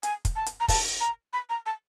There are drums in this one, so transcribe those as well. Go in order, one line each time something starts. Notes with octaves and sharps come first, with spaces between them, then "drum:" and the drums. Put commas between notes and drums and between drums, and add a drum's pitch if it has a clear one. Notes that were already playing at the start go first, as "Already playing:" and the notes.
G#5, drum: hi-hat
drum: kick, hi-hat
A5
drum: hi-hat
A#5
A5, drum: kick, open hi-hat
A#5
B5
A#5
A5